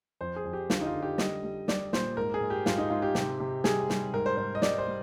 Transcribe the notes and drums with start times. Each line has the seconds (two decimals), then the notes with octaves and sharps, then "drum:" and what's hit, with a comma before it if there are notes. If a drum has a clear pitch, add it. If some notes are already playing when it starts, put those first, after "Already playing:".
0.21 F2 C5
0.36 G#4
0.45 F2
0.53 G4
0.70 D3 F4, drum: snare
0.81 D#4
0.86 F4
0.94 D3
1.02 G4
1.18 G3 D#5, drum: snare
1.44 G3
1.68 G3 D5, drum: snare
1.93 A#2 C5, drum: snare
2.17 G#2 A#4
2.34 G#4
2.41 G#2
2.50 G4
2.66 G#2 F4, drum: snare
2.78 D#4
2.90 G#2 F4
3.02 G4
3.15 C3, drum: snare
3.40 C3
3.64 G3 G#4, drum: snare
3.89 G3, drum: snare
4.13 G#2 A#4
4.26 C5
4.37 G#2 C5
4.55 D#5
4.62 G3 D5, drum: snare
4.78 C5
4.87 G3